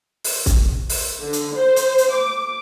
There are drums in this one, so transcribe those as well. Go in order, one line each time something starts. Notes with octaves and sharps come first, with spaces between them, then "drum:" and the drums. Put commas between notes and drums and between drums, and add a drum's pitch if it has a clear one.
drum: open hi-hat
drum: kick, hi-hat
drum: open hi-hat
D3
drum: hi-hat
C5
drum: hi-hat
drum: hi-hat
D6